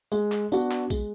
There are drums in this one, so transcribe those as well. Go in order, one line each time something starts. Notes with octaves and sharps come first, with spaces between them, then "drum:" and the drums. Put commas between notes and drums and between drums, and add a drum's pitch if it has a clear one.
G#3, drum: tambourine
drum: clap
B3 D4 F#4, drum: tambourine
drum: clap
G#3, drum: kick A#1, tambourine